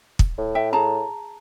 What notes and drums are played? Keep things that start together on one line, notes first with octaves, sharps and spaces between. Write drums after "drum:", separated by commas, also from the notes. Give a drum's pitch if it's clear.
drum: kick
A2
E5 G5
G#4 A5 A#5